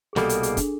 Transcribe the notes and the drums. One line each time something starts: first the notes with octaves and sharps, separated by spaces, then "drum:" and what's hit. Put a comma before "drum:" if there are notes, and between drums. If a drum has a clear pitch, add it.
G#4
C2 B2 G3 A#3 A4, drum: snare
A4, drum: hi-hat
G#4, drum: hi-hat
D4, drum: kick, hi-hat